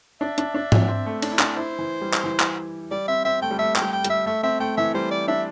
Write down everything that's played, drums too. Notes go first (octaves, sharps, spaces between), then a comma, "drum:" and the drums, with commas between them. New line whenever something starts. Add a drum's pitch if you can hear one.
D4 E5
D4, drum: hi-hat
D4
drum: tom
C4
A3
D4, drum: cymbal
E4
D4, drum: clap
E4 C5
E3
G3
drum: clap
E3
drum: clap
G3 D5
C4 E5
C4 E5
A3 G5
G3
A3 E5
G5, drum: clap
G3
G5
G3, drum: hi-hat
E5
A3 E5
C4 E5
A3 G5
E3 E5
G3 C5
D5
D4 E5